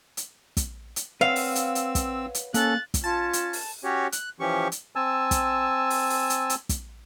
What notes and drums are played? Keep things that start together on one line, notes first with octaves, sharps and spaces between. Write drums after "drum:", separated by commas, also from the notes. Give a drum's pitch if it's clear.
drum: hi-hat
drum: kick, hi-hat
drum: hi-hat
C4 B4 C#5 F5 F#5 E6
drum: open hi-hat
drum: hi-hat
drum: hi-hat
drum: kick, hi-hat
drum: hi-hat
A#3 C#4 A4 F#6 A6, drum: hi-hat
drum: kick, hi-hat
C#4 F4 A5
drum: hi-hat
drum: open hi-hat
C#4 F#4 G4 C#5
F#6, drum: hi-hat
E3 F3 C#4 G4 C#6
drum: hi-hat
C4 G#5 A5 E6
drum: kick, hi-hat
drum: open hi-hat
drum: open hi-hat
drum: hi-hat
drum: hi-hat
drum: kick, hi-hat